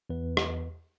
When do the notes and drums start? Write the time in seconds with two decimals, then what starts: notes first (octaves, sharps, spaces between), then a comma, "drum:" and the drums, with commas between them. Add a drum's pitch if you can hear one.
0.10 E2 B4
0.37 drum: rim click